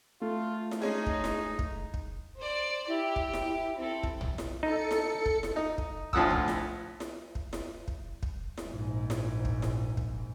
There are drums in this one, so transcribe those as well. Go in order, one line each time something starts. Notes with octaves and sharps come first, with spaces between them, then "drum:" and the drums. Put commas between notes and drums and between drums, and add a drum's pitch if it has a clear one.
A3 F4
drum: snare E4
G#3 C#4 D#4 G#4
drum: kick
drum: snare E4
drum: kick
drum: kick
C5 D5
E4 G4
drum: kick
drum: snare E4
E4
C4 E4 A4
drum: kick
drum: tom
drum: snare E4
D#4 A4 C#7
drum: snare E4
drum: kick
drum: snare E4
D#4
drum: kick
D2 A2 F3 F#5 D#6 E6, drum: kick
drum: tom
drum: snare E4
drum: snare E4
drum: kick
drum: snare E4
drum: kick
drum: kick
drum: snare E4
A#1 G#2
drum: snare E4
drum: kick
drum: snare E4
drum: kick